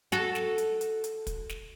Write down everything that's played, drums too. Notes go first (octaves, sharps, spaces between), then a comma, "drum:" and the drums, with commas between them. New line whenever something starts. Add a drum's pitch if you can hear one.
F#4 A4, drum: snare
drum: snare
drum: hi-hat
drum: hi-hat
drum: hi-hat
drum: kick, hi-hat
drum: snare